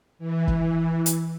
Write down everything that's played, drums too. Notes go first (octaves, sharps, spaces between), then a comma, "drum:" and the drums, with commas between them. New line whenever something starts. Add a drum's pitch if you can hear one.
E3
drum: kick
drum: hi-hat